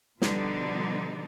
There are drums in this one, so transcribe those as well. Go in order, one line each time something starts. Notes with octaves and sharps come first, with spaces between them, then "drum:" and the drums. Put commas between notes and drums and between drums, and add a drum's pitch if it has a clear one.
B2 D3 F3 G3 B3 D#4, drum: snare